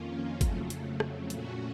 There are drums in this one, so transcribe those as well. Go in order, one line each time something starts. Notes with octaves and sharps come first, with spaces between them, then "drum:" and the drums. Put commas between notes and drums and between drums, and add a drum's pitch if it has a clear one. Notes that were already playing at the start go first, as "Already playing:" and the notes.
Already playing: F2 D#3 A#3 C#4 F4
F2 C#3 F#3 A3, drum: kick G1, hi-hat
drum: hi-hat
drum: rim click
A#2 A3 C#4 F#4, drum: hi-hat